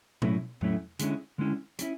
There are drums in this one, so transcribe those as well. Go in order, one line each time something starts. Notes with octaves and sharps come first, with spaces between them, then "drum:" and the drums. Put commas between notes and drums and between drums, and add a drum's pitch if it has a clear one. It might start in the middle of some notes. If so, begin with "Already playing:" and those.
A2 F#3 A3 C#4 E4, drum: tom
A2 F#3 A3 C#4 E4, drum: tom E2
D3 G#3 C#4 E4, drum: hi-hat
D3 G#3 C#4 E4
F#3 C#4 E4, drum: hi-hat